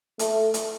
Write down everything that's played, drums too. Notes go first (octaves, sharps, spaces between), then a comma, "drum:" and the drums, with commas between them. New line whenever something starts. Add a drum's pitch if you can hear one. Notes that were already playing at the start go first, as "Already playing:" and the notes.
A3, drum: hi-hat
drum: hi-hat